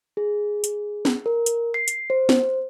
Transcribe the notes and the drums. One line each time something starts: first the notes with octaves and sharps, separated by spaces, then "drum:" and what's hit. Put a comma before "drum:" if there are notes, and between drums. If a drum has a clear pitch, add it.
G#4
drum: hi-hat
drum: snare
A#4
drum: hi-hat
C7
drum: hi-hat
C5
drum: snare